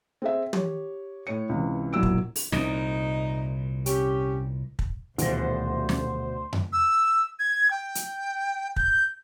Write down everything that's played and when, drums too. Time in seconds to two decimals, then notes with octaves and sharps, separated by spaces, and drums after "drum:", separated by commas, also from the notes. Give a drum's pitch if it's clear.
0.22 C4 G#4 E5
0.53 G4 C#5, drum: tom
1.27 A2 C#5 C#7
1.49 C#2 C3 E3
1.93 E1 A#1 F#3 E4 E6 D7
2.03 drum: kick
2.36 drum: open hi-hat
2.52 C2 A#2 D#4, drum: snare
3.86 C#4 G4, drum: hi-hat
4.79 drum: kick
5.18 D#1 D2 B2 D3 E3 C5 A#6, drum: hi-hat
5.89 drum: snare
6.53 drum: tom F2
6.73 E6
7.39 G#6
7.71 G5
7.95 drum: hi-hat
8.76 G6, drum: kick